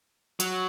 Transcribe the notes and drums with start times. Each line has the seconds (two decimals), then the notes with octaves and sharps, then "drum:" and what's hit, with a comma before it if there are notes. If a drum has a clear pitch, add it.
0.40 F#3, drum: hi-hat